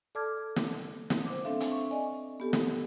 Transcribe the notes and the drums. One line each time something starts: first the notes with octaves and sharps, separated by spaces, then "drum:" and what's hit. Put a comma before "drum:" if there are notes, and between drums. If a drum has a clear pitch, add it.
A4 D5 A5 D6 F6 G#6
drum: snare
drum: snare
C5 D6
C4 D4 A4 E5 F5
drum: hi-hat
C#6
D5 D#5 G#5
B3 G4 A4
drum: snare